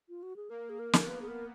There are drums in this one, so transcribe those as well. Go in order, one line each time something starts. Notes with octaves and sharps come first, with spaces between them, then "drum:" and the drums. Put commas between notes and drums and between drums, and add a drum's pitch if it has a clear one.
F4
F#4
G#4
A#3 A#4
G#4
A#4
drum: snare
B3 B4
G#4
A#4